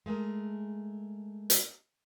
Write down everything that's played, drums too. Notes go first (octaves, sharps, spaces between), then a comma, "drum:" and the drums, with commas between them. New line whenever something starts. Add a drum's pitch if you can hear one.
G#3 A3 G#4 A#4
drum: hi-hat